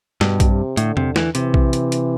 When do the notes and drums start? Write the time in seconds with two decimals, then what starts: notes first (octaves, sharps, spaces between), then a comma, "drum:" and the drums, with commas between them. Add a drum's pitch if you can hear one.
0.21 G2 B2, drum: snare
0.40 drum: kick A#1, hi-hat
0.50 C3
0.77 A2 D3, drum: hi-hat
0.97 C3, drum: tom E2
1.16 E3, drum: snare
1.35 C3 E3, drum: hi-hat
1.54 drum: kick A#1
1.73 drum: hi-hat
1.92 drum: hi-hat